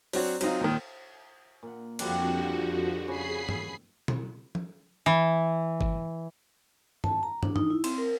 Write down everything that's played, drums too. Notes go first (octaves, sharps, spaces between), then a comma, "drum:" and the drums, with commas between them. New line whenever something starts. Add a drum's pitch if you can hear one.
F#3 C4 D4 F#4 C#5, drum: open hi-hat
F#3 C4 D#4 F4, drum: cymbal
D#2 A#2 D#3
A#2 F#5
F2 D3 F3 G3 D4 F#4, drum: cymbal
C#3 G#4 B5 C7
drum: tom
drum: tom
drum: tom F3
E3
drum: kick G1
A5, drum: tom
A#5
D4, drum: tom
D#4, drum: tom
E4
C4, drum: cymbal
A#4